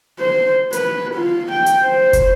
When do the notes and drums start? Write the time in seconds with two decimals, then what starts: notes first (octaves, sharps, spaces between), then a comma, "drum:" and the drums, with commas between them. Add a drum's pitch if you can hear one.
0.19 C5
0.73 B4, drum: hi-hat
1.15 F4
1.52 G5
1.66 drum: hi-hat
1.84 C5
2.13 drum: kick, hi-hat